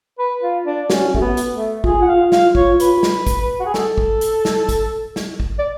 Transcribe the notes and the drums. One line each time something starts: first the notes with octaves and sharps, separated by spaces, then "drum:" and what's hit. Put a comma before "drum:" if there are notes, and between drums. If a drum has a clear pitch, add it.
B4
F4
D4
C#4 F#4, drum: snare
A3, drum: kick
B3
drum: hi-hat
A3
F4 G#4, drum: kick
F#5
F5
F5, drum: snare
C#5, drum: kick
B4, drum: hi-hat
drum: snare
drum: kick, hi-hat
F#4
G#4
A4, drum: snare
drum: kick
drum: hi-hat
drum: snare
drum: kick, hi-hat
drum: snare
drum: kick
D5